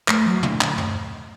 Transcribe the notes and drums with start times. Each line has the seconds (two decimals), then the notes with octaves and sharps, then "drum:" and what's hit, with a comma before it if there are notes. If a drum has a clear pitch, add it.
0.08 A3, drum: clap
0.26 F#3
0.43 D3, drum: tom
0.61 D3, drum: clap
0.78 drum: tom